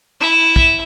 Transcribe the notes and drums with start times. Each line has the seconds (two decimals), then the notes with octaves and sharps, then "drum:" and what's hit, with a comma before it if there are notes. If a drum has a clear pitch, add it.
0.20 E4 E5
0.56 drum: kick